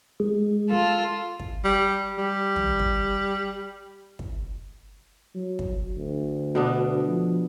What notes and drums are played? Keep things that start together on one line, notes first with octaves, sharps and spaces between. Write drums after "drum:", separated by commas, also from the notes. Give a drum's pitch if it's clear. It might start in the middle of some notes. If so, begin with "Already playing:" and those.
G#3
F4 A4
drum: kick
G3
G3
drum: tom
drum: kick
drum: kick
F#3
drum: kick
D2
B2 B3 D4
F3